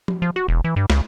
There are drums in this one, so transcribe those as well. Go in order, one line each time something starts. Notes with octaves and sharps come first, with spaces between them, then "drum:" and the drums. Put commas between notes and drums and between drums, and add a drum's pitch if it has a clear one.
drum: tom F3
F3
F#4
E1
E3
G2
C#2, drum: snare